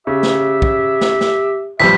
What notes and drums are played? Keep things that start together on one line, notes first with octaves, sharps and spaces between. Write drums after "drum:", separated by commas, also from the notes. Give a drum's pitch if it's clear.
C#3 G4 E5
drum: snare
drum: kick
drum: snare
drum: snare
A1 F3 G3 E5 B6